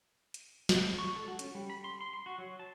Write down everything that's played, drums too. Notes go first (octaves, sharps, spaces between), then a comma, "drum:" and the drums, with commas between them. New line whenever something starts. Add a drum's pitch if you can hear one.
drum: hi-hat
drum: snare
C#6
A4
F#4
C#4, drum: hi-hat
G3
B5
C6
C6
C6
F#4
F#3
A5